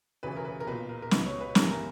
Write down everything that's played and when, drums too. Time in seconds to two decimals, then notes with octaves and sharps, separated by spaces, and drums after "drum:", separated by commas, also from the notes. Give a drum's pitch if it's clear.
0.23 E1 D2 C#3 E3 B4
0.36 A#4
0.45 B4
0.60 A#4
0.67 B1 A#2 B4
0.89 A#4
1.02 A#4
1.11 C#2 B2 B4, drum: snare
1.26 C#5
1.41 B4
1.55 G1 G2 E3 A#4, drum: snare
1.71 A#4